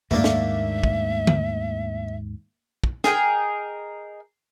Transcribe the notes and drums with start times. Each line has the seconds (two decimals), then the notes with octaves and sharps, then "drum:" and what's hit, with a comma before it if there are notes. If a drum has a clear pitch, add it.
0.11 D#2 G#2 A3 A#3 D4 E5, drum: tom F#2
0.24 drum: snare
0.84 drum: kick
1.27 drum: tom
2.84 drum: kick
3.04 G#4 A#4 D#5 G5, drum: snare